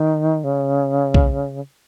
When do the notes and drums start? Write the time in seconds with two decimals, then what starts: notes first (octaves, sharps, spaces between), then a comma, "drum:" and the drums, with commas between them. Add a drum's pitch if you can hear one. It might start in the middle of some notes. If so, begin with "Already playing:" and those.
Already playing: D#3
0.44 C#3
1.14 drum: kick B1